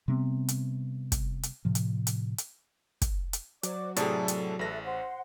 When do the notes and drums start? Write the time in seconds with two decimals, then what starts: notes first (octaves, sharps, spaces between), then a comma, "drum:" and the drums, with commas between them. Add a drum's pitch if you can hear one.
0.08 C3 G3 B3 C4
0.48 drum: hi-hat
1.12 drum: kick, hi-hat
1.43 drum: hi-hat
1.65 A2 C3 F3
1.75 drum: hi-hat
2.07 drum: hi-hat
2.38 drum: hi-hat
3.02 drum: kick, hi-hat
3.33 drum: hi-hat
3.63 F#3 C5 D5 D6, drum: hi-hat
3.96 A2 C3 G#4 A4 D5 A5, drum: hi-hat
4.28 drum: hi-hat
4.59 A1 A4 B4 E5 A#6
4.83 C5 F#5 C6